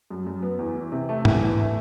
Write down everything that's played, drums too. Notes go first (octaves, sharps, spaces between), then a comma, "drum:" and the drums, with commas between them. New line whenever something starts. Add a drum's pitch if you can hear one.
F#2
F#2
B3
E2
E3
C3
A3
E2, drum: tom
E3
A3